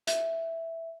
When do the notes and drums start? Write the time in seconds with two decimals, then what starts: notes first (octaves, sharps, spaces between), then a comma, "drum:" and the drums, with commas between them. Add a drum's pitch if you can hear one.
0.07 E5, drum: hi-hat